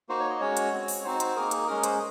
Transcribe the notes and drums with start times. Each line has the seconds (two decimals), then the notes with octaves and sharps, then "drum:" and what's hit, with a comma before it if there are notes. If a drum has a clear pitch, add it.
0.09 A#3 D#4 F#4 C5
0.20 C#5
0.30 D#5
0.40 G#3 C#4 F#4 C#5
0.57 drum: hi-hat
0.72 G#3 C4 F#4
0.88 drum: open hi-hat
1.04 C4 D#4 F#4 C5
1.20 C5, drum: hi-hat
1.36 A#3 D#4 G#4 A#4
1.51 G#4, drum: hi-hat
1.67 G#3 C#4 G#4 A#4
1.84 C5, drum: hi-hat